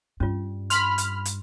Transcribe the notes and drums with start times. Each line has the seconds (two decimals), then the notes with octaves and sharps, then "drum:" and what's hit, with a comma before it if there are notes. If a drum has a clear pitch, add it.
0.20 G2 C#4 F4
0.70 B5 C6 F6, drum: hi-hat
0.98 drum: hi-hat
1.25 drum: hi-hat